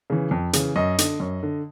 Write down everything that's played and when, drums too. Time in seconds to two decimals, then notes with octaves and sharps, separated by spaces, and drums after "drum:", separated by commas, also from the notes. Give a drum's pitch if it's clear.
0.10 C#3 E3
0.31 F2
0.53 C#3 E3, drum: hi-hat
0.76 F#2 D#5
0.98 D3, drum: hi-hat
1.20 F#2
1.43 D3